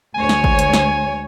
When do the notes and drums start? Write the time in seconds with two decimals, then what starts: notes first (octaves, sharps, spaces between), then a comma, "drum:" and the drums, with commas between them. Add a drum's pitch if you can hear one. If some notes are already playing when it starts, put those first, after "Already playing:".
0.14 D2 G#3 C#5 G#5
0.29 drum: snare
0.44 drum: kick
0.59 drum: hi-hat
0.73 drum: snare